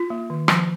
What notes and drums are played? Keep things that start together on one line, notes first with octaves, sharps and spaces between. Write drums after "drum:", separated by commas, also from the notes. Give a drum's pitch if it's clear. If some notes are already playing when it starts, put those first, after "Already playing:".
Already playing: F4
A#3
D#3
F3, drum: rim click